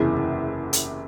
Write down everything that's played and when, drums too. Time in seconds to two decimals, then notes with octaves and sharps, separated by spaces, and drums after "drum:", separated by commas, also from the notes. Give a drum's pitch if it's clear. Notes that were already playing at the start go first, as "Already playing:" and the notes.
Already playing: F#1 E2 C3 E3 G#4
0.73 drum: hi-hat